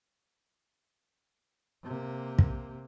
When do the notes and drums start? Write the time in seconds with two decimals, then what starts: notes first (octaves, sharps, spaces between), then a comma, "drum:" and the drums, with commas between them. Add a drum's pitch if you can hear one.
1.83 C3 A#3
2.39 drum: kick